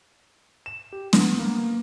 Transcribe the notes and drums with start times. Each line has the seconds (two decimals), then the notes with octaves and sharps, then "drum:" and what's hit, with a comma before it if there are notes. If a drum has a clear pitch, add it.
0.66 E7
0.93 G4
1.13 B3, drum: snare
1.39 A#3